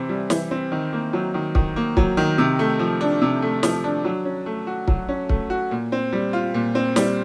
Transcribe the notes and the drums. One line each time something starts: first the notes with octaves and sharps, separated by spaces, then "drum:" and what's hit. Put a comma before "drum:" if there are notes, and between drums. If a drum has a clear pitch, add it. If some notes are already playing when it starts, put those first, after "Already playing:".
Already playing: C3 E3 C4
G3
E3, drum: snare
C4
D#3
A#3
F#3
D#3
D#3, drum: kick
A#3
F#3, drum: kick
D#3
C3
A3
F3
D4
C3
A3
F3, drum: snare
D4
F#3
C#4
A3
F#4
F#3, drum: kick
C#4
A3, drum: kick
F#4
A#2
C4
G3
F4
A#2
C4
G3, drum: snare